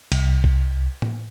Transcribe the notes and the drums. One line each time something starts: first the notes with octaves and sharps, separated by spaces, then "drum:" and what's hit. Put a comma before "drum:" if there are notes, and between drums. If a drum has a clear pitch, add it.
C2, drum: cymbal
drum: kick B1
drum: tom A2